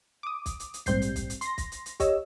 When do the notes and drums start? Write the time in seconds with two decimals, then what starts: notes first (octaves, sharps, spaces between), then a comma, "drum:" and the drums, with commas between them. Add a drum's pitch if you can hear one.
0.23 D6 D#6
0.46 drum: kick, hi-hat
0.60 drum: hi-hat
0.74 drum: hi-hat
0.86 A#1 G#2 G3 C4 G6 C7, drum: kick, hi-hat
1.02 drum: hi-hat
1.16 drum: kick, hi-hat
1.30 drum: hi-hat
1.41 C6 A#6, drum: hi-hat
1.58 drum: kick, hi-hat
1.72 drum: hi-hat
1.86 drum: hi-hat
2.00 G4 C#5 D#5 E6, drum: kick, hi-hat